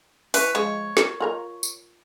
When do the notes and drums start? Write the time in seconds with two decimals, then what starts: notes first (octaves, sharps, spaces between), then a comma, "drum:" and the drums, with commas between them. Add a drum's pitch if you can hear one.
0.34 E3 B4 C#5, drum: open hi-hat
0.55 F3 G#3 C#5
0.97 A#4, drum: snare
1.20 F4 A#4 A#5
1.63 drum: tambourine